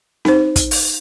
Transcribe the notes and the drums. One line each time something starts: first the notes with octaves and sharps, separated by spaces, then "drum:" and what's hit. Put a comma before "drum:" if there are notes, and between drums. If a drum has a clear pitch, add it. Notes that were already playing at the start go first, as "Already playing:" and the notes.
D#4 C5, drum: snare C4
drum: kick, hi-hat
drum: open hi-hat